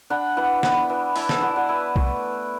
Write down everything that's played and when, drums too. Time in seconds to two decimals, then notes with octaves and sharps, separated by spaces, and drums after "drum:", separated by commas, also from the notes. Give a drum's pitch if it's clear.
0.10 D4 F#5 B5
0.37 E3 F#5 B5
0.63 B3 F#5 B5, drum: snare
0.90 E3
1.16 E4 E5 A5, drum: open hi-hat
1.29 E5 A5, drum: snare
1.42 E4 D5 F#5
1.56 D5 F#5
1.69 E4 B4 E5
1.96 A3, drum: kick B1